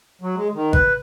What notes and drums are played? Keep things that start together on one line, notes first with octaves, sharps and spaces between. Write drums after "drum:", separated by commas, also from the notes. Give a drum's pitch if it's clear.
F#3
G#3
D#3
B4, drum: kick G#1